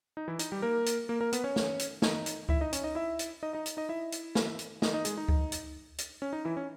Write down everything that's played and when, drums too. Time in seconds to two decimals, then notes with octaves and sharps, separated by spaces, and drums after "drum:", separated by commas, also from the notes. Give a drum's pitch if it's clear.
0.17 D#4
0.28 E3 E4
0.39 D#4, drum: hi-hat
0.52 G3 G4
0.62 A#3 A#4
0.86 drum: hi-hat
1.09 A#3 A#4
1.21 A#3 A#4
1.32 B3 B4, drum: hi-hat
1.44 C#4 C#5
1.56 drum: snare
1.79 drum: hi-hat
2.02 D#4 D#5, drum: snare
2.26 drum: hi-hat
2.49 E4 E5, drum: kick C#2
2.61 D#4 D#5
2.73 C#4 C#5, drum: hi-hat
2.84 D#4 D#5
2.95 E4 E5
3.19 drum: hi-hat
3.43 D#4 D#5
3.53 D#4 D#5
3.66 drum: hi-hat
3.77 D#4 D#5
3.89 E4 E5
4.12 drum: hi-hat
4.35 drum: snare
4.59 drum: hi-hat
4.82 D#4 D#5, drum: snare
4.93 D#4 D#5
5.05 G#3 G#4, drum: hi-hat
5.17 D#4
5.28 drum: kick C#2
5.52 drum: hi-hat
5.98 drum: hi-hat
6.22 C#4
6.33 D#4
6.45 E3 E4
6.57 C#4